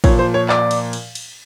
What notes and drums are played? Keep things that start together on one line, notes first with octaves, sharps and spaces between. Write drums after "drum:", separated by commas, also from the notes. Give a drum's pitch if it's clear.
A#2 F3 C#5, drum: kick, cymbal
C5
C#5
D5, drum: clap
drum: cymbal
drum: cymbal
drum: cymbal